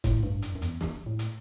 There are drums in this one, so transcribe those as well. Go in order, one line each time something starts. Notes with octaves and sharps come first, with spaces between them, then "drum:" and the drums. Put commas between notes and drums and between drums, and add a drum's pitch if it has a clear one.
A2, drum: kick, hi-hat
G2
F#2, drum: hi-hat
F#2
E2, drum: hi-hat
drum: snare
A2
drum: hi-hat